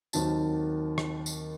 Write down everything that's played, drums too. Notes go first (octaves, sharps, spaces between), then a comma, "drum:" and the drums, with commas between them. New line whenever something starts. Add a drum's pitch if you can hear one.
D#2 D#3 F#3 C4 A5, drum: tambourine
drum: rim click
drum: tambourine